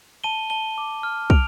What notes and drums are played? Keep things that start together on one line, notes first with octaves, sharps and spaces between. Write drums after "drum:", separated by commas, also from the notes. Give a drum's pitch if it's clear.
A5 D#7 G7
A5 D#7 G7
D6
F6
F6 D7 F7, drum: kick